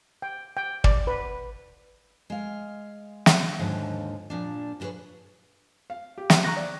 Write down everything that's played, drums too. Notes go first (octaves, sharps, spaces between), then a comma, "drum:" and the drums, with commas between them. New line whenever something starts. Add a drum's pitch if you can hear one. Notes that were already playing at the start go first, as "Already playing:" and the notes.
G5
G5
D5, drum: kick
B4
G#3 F5
drum: snare
D#2 G#2 D3 F3
A#2 F3 D4
D3 B3 G#4 B4 C#5
F5
G4
drum: snare
A#5 C#6 F#6 A#6
D5